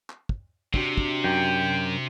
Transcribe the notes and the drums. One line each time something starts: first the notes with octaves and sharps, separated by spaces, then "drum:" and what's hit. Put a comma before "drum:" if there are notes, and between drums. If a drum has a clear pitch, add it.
drum: clap
drum: kick
C3 D4 F#4 G4, drum: kick
drum: kick
F#2 G5